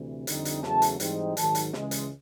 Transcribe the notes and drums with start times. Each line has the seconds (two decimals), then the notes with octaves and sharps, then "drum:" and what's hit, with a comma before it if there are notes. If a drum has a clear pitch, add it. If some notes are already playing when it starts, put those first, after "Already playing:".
Already playing: D2 C3 E3
0.27 F2 D3 G3 C4 D#4, drum: hi-hat
0.45 drum: hi-hat
0.63 E2 C#3 F#3 A3 A5, drum: snare
0.82 drum: hi-hat
1.00 G#2 E3 G3 C4 D#4, drum: hi-hat
1.37 G#2 D#3 F#3 A5, drum: hi-hat
1.55 drum: hi-hat
1.73 C#2 C#3 E3 G#3, drum: snare
1.91 drum: hi-hat